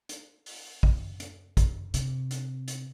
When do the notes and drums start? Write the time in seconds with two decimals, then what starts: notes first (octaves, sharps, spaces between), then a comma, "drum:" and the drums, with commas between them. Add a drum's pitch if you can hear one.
0.09 drum: hi-hat
0.46 drum: open hi-hat
0.83 drum: kick
1.20 drum: hi-hat
1.57 drum: kick, hi-hat
1.94 C3, drum: hi-hat
2.31 drum: hi-hat
2.68 drum: hi-hat